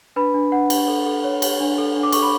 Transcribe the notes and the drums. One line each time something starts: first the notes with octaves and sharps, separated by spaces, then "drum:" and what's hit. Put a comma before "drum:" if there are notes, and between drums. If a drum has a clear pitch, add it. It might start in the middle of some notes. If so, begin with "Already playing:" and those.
D4 B4 B5
D4
D4 F#5
D4, drum: cymbal
A4
A4
C#5
C#5, drum: cymbal
D4
A4
D4
D6
A4 C#6, drum: cymbal
B5